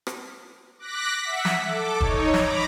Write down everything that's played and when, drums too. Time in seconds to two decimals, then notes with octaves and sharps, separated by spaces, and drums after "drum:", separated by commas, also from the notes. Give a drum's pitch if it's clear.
0.07 drum: rim click
0.79 D6 F#6 A#6 B6
1.23 E5 F#5 B6
1.45 drum: snare
1.63 A4 D6
2.01 D#4 C#5, drum: kick
2.34 A#5 B5 D6, drum: snare